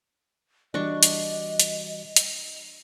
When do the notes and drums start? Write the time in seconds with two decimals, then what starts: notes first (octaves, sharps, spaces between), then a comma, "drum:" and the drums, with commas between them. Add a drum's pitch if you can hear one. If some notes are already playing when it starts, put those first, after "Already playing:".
0.74 E3 G3 D4 F#4 D#5 C#6
1.03 drum: hi-hat
1.60 drum: hi-hat
2.16 drum: hi-hat